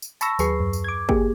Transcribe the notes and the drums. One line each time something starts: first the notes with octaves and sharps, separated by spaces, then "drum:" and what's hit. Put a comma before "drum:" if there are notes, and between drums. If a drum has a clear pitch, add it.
drum: tambourine
A5 B5 C#6 E6 A#6, drum: tambourine
D#2 F#3 G#4 B4 C#6 C7, drum: tambourine
F#2
drum: tambourine
D6 G#6
A#3 G4 G#4, drum: kick G1